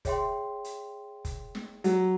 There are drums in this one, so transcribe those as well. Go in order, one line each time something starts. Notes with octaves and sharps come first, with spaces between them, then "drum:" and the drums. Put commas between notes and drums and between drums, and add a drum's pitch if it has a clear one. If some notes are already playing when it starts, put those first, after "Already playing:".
G#4 C#5 E5 G5 C6, drum: kick F1, hi-hat
drum: hi-hat
drum: kick F1, hi-hat
drum: snare
F#3, drum: hi-hat